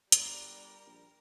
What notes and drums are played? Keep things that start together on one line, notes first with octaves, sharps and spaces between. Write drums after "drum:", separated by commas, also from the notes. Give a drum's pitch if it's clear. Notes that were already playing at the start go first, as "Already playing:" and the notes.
G1 G3 F#4 A4 A#4 D5, drum: hi-hat
A#1